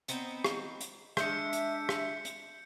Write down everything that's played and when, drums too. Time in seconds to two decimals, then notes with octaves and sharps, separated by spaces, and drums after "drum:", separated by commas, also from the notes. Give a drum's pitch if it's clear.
0.08 B3 C4 D#4, drum: hi-hat
0.44 drum: rim click
0.81 drum: hi-hat
1.17 G#3 D4 E5 G6 C#7, drum: rim click
1.53 drum: hi-hat
1.89 drum: rim click
2.25 drum: hi-hat